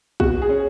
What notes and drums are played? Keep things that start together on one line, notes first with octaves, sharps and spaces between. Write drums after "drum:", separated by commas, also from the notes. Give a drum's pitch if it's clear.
B2 F#4, drum: kick
G#4
C#4